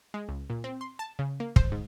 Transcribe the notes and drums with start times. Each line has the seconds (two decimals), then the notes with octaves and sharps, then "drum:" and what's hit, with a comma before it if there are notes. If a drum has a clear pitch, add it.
0.14 G#3
0.29 C#2
0.50 A#2
0.64 C4
0.81 C6
0.99 A5
1.19 C#3
1.40 A#3
1.56 C5, drum: kick
1.72 G#2